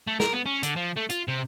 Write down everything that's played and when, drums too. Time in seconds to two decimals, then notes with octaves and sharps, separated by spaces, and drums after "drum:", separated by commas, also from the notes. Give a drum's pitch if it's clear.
0.07 A3
0.20 A#4, drum: snare
0.33 B3
0.46 C#4
0.63 D3, drum: hi-hat
0.76 F3
0.96 A3
1.10 F4, drum: hi-hat
1.28 C3